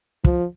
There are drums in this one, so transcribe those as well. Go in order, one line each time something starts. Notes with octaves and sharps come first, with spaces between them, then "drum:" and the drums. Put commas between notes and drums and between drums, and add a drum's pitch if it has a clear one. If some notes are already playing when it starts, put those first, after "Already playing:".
F3, drum: kick